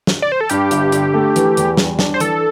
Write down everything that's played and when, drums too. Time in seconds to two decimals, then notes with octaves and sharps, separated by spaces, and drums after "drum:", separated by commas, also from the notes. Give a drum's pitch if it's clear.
0.07 drum: snare
0.22 D5
0.32 C5
0.41 A4
0.50 G2 G4, drum: hi-hat
0.71 G1, drum: hi-hat
0.92 D3, drum: hi-hat
1.14 A3
1.36 E3, drum: hi-hat
1.57 E2, drum: hi-hat
1.77 G3, drum: snare
1.99 D4, drum: snare
2.14 C5
2.20 E3 A4, drum: hi-hat